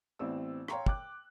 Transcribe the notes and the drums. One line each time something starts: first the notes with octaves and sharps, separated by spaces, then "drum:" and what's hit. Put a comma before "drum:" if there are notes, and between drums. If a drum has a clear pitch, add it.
A1 B3 C4 E4 D5 E6
C#5 F5 G5 A#5 C6 C#6, drum: rim click
G5 D6 F#6, drum: kick